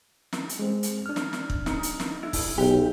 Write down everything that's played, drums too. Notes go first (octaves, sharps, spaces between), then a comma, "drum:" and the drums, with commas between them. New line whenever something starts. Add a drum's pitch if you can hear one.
drum: snare
drum: hi-hat
G#3 C4
drum: hi-hat
D4 F6
drum: snare
drum: snare
drum: kick
D#4, drum: snare
drum: hi-hat
drum: snare
E4
drum: kick, open hi-hat
B1 G4